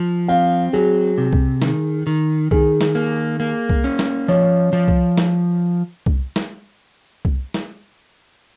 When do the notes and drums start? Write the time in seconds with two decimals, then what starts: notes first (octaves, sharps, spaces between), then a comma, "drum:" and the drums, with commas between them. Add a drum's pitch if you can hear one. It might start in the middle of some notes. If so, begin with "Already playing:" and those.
Already playing: F3
0.28 C4 F5
0.73 F#3 G#4
1.18 C3
1.33 drum: kick C2
1.62 D#3, drum: snare
2.07 D#3
2.51 D#3 G#4, drum: kick C2
2.81 drum: snare
2.95 A#3
3.40 A#3
3.69 drum: kick C2
3.84 C#4
3.99 drum: snare
4.28 F3 C#5
4.73 F3
4.88 drum: kick C2
5.18 drum: snare
6.06 drum: kick C2
6.36 drum: snare
7.25 drum: kick C2
7.54 drum: snare